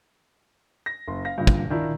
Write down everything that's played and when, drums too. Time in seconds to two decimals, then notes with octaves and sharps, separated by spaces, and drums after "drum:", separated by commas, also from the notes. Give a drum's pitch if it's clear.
0.86 A#6
1.08 F#1 C6
1.25 F5 A#6
1.38 G2 A#2 D3
1.47 drum: kick
1.70 D#3 D4 E4 F4